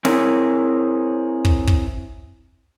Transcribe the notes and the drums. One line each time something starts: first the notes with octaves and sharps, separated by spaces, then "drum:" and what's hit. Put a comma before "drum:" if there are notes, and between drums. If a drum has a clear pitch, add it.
C4 E4 G#4 A#4 C#5, drum: snare
drum: kick
drum: kick